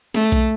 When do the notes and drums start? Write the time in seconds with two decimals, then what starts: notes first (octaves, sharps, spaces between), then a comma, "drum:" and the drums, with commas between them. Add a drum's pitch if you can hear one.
0.14 A3, drum: snare
0.32 drum: kick B1, hi-hat